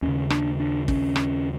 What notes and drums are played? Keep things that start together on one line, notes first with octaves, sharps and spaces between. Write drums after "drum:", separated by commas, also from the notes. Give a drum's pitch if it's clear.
D#2 C#4
C#3
D4, drum: rim click
D4
C#4, drum: kick
drum: rim click